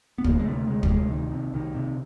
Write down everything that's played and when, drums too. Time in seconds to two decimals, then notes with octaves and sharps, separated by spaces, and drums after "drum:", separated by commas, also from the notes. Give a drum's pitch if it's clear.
0.18 B3
0.24 D2 A#3, drum: kick
0.39 G#3
0.45 C3 A3
0.67 D2 G#3
0.83 G3, drum: kick
0.88 C3 G#3
1.10 C2 D#3
1.32 C3
1.53 C2 D#3
1.74 C3